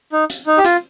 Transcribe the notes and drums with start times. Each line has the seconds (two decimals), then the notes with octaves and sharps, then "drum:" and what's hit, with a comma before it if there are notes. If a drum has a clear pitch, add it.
0.12 D#4
0.30 drum: hi-hat
0.47 D#4
0.58 G4
0.65 F4, drum: hi-hat